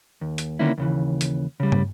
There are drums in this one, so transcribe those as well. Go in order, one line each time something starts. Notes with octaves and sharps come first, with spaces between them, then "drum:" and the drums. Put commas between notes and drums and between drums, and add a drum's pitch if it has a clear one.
D#2
drum: hi-hat
D3 D#3 A#3 C#4 E4
D#2 C#3 E3
drum: hi-hat
C#3 G3
drum: tom